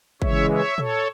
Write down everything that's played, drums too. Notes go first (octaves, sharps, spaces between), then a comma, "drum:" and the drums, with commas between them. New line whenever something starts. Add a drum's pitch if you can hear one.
C#3 E3 G#3 C#5 E5, drum: kick
C#5 E5
A4 C#5, drum: tom